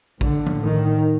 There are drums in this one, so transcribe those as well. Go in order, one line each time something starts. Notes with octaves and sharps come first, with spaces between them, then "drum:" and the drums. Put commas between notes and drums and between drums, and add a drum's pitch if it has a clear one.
A2 D3, drum: kick A#1
drum: tom F3
D#3